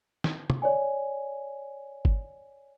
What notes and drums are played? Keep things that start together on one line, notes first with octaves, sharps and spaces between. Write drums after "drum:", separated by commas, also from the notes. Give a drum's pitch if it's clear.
drum: snare
drum: tom
C#5 D5 G#5
drum: kick G1